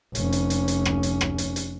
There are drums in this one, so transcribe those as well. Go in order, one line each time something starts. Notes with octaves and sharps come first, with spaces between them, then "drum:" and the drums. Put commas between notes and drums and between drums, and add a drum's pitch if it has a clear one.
F1 C#4, drum: hi-hat
drum: hi-hat
drum: hi-hat
drum: hi-hat
drum: rim click
drum: hi-hat
drum: rim click
drum: hi-hat
drum: hi-hat